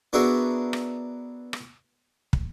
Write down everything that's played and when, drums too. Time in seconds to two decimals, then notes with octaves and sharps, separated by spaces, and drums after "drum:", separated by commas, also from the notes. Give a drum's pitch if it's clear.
0.13 B3 D4 F#4 G#4 A#4 E5
0.73 drum: rim click
1.53 drum: rim click
2.33 drum: kick